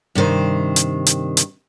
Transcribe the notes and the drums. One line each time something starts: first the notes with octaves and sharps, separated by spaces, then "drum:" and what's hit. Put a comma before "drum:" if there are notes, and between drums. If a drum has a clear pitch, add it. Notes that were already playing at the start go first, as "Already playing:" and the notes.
G2 C3 D#3 C5
drum: hi-hat
drum: hi-hat
drum: hi-hat